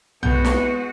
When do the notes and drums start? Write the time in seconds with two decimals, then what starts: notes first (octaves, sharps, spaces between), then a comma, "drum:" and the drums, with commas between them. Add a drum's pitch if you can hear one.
0.23 G#3 B3 F#4 B4 G6, drum: tom B1
0.44 drum: snare